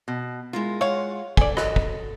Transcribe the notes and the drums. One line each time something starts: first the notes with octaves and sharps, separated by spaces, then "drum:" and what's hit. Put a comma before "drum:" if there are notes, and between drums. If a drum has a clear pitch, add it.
B2
G#3 E4 F4 A#4
G#3 C#5 F5 F#5
A4 D5 G#5, drum: kick
F#3 D#5, drum: rim click
drum: kick